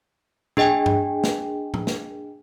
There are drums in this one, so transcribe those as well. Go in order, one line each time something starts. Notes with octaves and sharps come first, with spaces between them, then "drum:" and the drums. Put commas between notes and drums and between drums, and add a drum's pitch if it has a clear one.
D4 G#4 D#5 G5 G#5, drum: tom A2
drum: tom G2
drum: snare
drum: tom A2
drum: snare